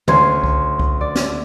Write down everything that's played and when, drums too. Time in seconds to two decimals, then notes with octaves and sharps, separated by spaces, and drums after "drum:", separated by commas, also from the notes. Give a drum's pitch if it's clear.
0.08 D2 C#4 C6 G#6, drum: tom
0.44 drum: kick C2
0.80 drum: kick C2
1.01 D5
1.15 drum: snare